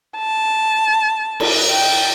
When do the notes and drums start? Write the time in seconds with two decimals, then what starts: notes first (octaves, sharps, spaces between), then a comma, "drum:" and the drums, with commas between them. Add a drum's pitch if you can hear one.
0.18 A5
1.40 drum: cymbal
1.70 G5